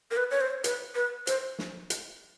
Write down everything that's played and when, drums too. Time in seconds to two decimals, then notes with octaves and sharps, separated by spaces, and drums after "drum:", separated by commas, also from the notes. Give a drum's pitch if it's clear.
0.11 A#4
0.17 B4
0.31 C#5
0.41 C5
0.64 B4, drum: hi-hat
0.95 B4
1.27 C5, drum: hi-hat
1.59 drum: snare
1.90 drum: hi-hat